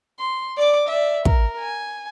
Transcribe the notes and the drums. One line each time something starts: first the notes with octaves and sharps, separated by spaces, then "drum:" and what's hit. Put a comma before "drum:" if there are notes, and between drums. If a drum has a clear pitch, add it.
C6
D5 D6
D5 E5
A#4, drum: kick
G#5